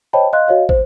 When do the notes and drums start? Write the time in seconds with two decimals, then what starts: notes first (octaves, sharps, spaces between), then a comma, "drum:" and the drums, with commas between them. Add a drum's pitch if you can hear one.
0.13 C5 C#5 D#5 G5 A5 B5
0.33 D#5 F5 C6 F#6
0.48 F#4 C#5 D#5 F5
0.69 C5, drum: kick